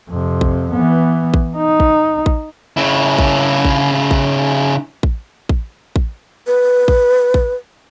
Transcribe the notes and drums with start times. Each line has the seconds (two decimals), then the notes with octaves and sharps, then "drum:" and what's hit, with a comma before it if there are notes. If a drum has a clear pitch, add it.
0.10 F2 C3
0.41 drum: kick A1
0.72 E3 B3
1.34 drum: kick A1
1.57 D#4
1.80 drum: kick A1
2.26 drum: kick A1
2.77 C#3 E4
3.18 drum: kick A1
3.65 drum: kick A1
4.11 drum: kick A1
5.03 drum: kick A1
5.49 drum: kick A1
5.96 drum: kick A1
6.47 B4
6.88 drum: kick A1
7.34 drum: kick A1